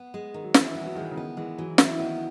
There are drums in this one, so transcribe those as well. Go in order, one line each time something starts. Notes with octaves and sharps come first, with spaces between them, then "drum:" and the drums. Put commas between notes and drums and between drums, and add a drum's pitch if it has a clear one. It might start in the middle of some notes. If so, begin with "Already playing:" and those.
Already playing: B3
G#3
D#3
F#3
E3 E4, drum: snare
B3
E3
F#3
D#3 G#3
E3
C#3
D#3 B3
E3 G#3
E3 F#3
F#3 E4, drum: snare
D#3 B3